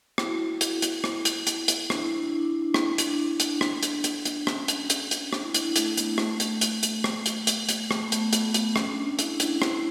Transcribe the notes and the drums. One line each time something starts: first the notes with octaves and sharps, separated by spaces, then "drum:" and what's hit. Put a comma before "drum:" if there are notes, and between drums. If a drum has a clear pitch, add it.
E4, drum: rim click
F#4
E4
drum: hi-hat
drum: hi-hat
drum: rim click
drum: hi-hat
drum: hi-hat
drum: hi-hat
D4, drum: rim click
E4
D4
E4
D4
E4
D4
E4, drum: rim click
D4
E4, drum: hi-hat
D4
drum: hi-hat
D4, drum: rim click
drum: hi-hat
drum: hi-hat
drum: hi-hat
C#4, drum: rim click
drum: hi-hat
drum: hi-hat
drum: hi-hat
D4, drum: rim click
E4
E4, drum: hi-hat
E4
A3, drum: hi-hat
B3, drum: hi-hat
A3, drum: rim click
drum: hi-hat
drum: hi-hat
drum: hi-hat
drum: rim click
drum: hi-hat
drum: hi-hat
drum: hi-hat
A3, drum: rim click
B3
A3, drum: hi-hat
B3, drum: hi-hat
drum: hi-hat
C#4, drum: rim click
D4
D4
E4, drum: hi-hat
E4, drum: hi-hat
C#4
E4, drum: rim click